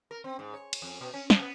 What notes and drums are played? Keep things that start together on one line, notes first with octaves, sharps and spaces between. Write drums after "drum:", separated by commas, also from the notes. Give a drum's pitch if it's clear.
A#4
C4
G#2
C#5
drum: cymbal
F2
B2
C#4
F3, drum: snare
B3